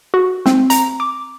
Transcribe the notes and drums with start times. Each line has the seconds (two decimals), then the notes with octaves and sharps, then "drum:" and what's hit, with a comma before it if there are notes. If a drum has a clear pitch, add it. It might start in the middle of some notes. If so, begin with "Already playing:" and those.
0.14 F#4
0.46 C4, drum: snare
0.70 A#5, drum: hi-hat
1.00 D6